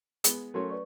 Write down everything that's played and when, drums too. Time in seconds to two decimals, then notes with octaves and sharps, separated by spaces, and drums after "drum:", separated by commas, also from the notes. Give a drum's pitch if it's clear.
0.24 G#3 B3, drum: hi-hat
0.54 F#3 A3 C#4 A#4 C6
0.70 B4 D5 C#6